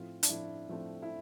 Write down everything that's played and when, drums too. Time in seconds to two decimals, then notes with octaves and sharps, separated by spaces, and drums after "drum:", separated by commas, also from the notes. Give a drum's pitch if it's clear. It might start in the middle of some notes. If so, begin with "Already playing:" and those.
Already playing: A2 F3 A3 C4 F4
0.23 D4, drum: hi-hat
0.29 A2 F3 A3 C4 E4
0.68 A2 F3 A3 C4
1.02 E4